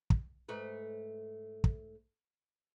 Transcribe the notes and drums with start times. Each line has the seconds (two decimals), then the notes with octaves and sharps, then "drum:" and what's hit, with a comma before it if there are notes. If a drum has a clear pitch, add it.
0.10 drum: kick
0.49 G#2 A3 B4
1.64 drum: kick